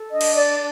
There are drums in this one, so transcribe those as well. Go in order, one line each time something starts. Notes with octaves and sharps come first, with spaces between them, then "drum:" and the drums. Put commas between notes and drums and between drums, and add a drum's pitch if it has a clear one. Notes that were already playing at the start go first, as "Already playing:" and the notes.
Already playing: A4
D4 D#5
drum: cymbal
D5